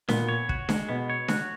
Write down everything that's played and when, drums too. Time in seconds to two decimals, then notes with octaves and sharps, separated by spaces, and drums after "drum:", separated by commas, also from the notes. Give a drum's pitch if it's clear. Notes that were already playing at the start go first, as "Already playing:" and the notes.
0.08 A#2 B3, drum: snare D4
0.29 C#5
0.49 F#4, drum: kick
0.69 G#3, drum: snare D4
0.89 B2 B3
1.10 C#5
1.28 F#4, drum: snare D4